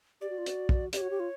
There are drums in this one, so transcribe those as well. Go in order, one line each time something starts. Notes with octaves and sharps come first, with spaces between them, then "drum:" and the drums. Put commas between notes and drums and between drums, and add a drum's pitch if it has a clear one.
G4 D5
F#4
F4
F#4, drum: hi-hat
drum: kick
G4 D5, drum: hi-hat
F#4 C#5
G4
F4